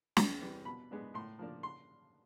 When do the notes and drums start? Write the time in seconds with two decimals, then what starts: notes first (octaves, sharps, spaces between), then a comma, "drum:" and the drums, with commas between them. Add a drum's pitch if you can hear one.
0.17 E2, drum: snare
0.41 C3 E3 G3
0.65 B2 B5
0.91 G#3 B3 D4
1.14 A2 C6
1.39 F3 A#3 D4
1.63 C6